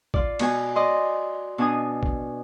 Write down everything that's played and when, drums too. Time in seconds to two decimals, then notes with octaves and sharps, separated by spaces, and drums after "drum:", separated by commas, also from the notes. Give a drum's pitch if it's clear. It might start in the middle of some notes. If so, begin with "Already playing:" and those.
0.14 F4 D5, drum: kick
0.39 B2 B3 F#4 G#5, drum: cymbal
0.76 D5 D#5 C6
1.58 B2 D4 G#5 D#6
2.03 drum: kick